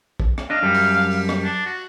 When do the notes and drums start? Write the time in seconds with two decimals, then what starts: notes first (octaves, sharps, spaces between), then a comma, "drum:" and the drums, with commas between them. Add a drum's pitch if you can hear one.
0.20 drum: kick
0.38 drum: rim click
0.50 D4 D#5 F5
0.63 F#2 G3
0.74 drum: open hi-hat
1.11 drum: open hi-hat
1.29 drum: rim click
1.43 D4
1.65 F#4